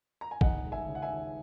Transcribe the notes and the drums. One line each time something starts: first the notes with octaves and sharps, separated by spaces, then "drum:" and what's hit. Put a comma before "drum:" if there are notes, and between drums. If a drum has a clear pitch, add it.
A#5
G#5
D#2 D#5 F#5, drum: kick
G#3
E5 G#5
C#3
F#5
E5 G#5
D#2